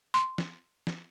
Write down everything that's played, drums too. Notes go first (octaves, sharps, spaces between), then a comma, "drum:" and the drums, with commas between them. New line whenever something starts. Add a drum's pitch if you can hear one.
C6
drum: snare
drum: snare